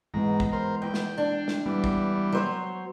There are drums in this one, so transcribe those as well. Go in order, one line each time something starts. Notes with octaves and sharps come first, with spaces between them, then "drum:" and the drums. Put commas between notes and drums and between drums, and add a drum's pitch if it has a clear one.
G#2 E3 G#3 B3 A#5
drum: kick
A#4 C5
E2 G5
drum: snare
D4
drum: snare
E3 G3 B3
drum: kick
F#3 C5 C#5